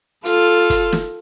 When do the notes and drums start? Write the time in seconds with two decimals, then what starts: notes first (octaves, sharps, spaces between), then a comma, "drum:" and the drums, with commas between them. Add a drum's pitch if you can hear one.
0.25 F4 A4, drum: hi-hat
0.70 drum: kick, hi-hat
0.92 drum: snare